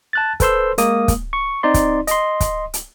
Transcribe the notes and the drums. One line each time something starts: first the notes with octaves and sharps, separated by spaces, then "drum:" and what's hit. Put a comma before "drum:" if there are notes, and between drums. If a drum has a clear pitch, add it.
A5 F#6 A6
A4 B4 C5 C6 E6, drum: kick, hi-hat
G#3 A#3 D#6, drum: hi-hat
drum: kick, hi-hat
C#6
C4 D#4 D5 C6
drum: kick, hi-hat
D#5 C6, drum: hi-hat
drum: kick, hi-hat
drum: hi-hat